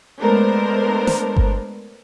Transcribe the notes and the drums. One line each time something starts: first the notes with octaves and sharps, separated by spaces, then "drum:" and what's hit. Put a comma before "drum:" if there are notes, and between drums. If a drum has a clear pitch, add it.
G#3 A3 B3 D4 A#4 C5
drum: snare
drum: kick G1